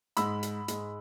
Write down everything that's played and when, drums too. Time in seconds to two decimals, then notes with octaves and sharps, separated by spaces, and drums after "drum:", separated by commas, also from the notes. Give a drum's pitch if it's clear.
0.17 G#2 G#3 B5 E6, drum: hi-hat
0.43 drum: hi-hat
0.68 G#2 G#3, drum: hi-hat